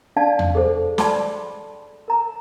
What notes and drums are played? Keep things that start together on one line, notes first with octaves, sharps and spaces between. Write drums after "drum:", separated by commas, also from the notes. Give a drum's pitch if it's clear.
D4 D#4 D5 F5 G5 A5
drum: tom E2
G#4 A4 C5
D5 G5 A5 B5 C6 D6, drum: snare
A#4 A#5